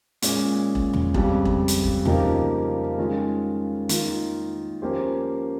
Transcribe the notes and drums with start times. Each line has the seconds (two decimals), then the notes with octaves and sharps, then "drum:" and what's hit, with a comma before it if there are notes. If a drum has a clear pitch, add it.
0.22 A#2 G#3 C#4, drum: hi-hat
0.75 drum: kick E1
0.93 drum: tom
1.14 F2 C#3 G3, drum: kick E1
1.45 drum: kick E1
1.68 drum: hi-hat
1.84 drum: kick E1
2.05 C#3 F3 A#3 D#4 G4, drum: tom
2.98 D#3 G#3 C#4 F4
3.89 D#3 A#3 F4, drum: hi-hat
4.82 F3 A#3 C#4 G4 C5